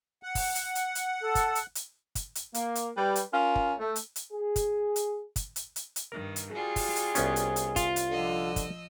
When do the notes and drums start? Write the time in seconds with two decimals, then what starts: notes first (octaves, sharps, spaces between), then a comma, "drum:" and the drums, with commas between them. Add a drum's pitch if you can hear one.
0.23 F#5
0.35 drum: kick, open hi-hat
0.55 drum: hi-hat
0.75 drum: hi-hat
0.95 drum: hi-hat
1.21 A4
1.35 drum: kick, hi-hat
1.55 drum: hi-hat
1.75 drum: hi-hat
2.15 drum: kick, hi-hat
2.35 drum: hi-hat
2.54 A#3, drum: hi-hat
2.75 drum: hi-hat
2.97 G3 B4
3.15 drum: hi-hat
3.33 C#4 F4 A#4
3.56 drum: kick
3.80 A3
3.96 drum: hi-hat
4.16 drum: hi-hat
4.33 G#4
4.56 drum: kick, hi-hat
4.96 drum: hi-hat
5.36 drum: kick, hi-hat
5.56 drum: hi-hat
5.76 drum: hi-hat
5.96 drum: hi-hat
6.12 G2 D#3 A#4
6.36 drum: hi-hat
6.52 G3 F4 F#4 G#4
6.76 drum: kick, open hi-hat
6.96 drum: hi-hat
7.15 C2 B3 C#4, drum: hi-hat
7.36 drum: hi-hat
7.56 drum: hi-hat
7.76 F4, drum: kick, hi-hat
7.96 drum: hi-hat
8.10 D3 F3 D#5 E6
8.56 drum: kick, hi-hat